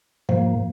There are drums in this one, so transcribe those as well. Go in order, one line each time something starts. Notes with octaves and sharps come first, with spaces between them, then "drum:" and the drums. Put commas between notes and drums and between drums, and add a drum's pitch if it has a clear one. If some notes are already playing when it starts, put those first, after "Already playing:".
G#2 F3 A#3, drum: tom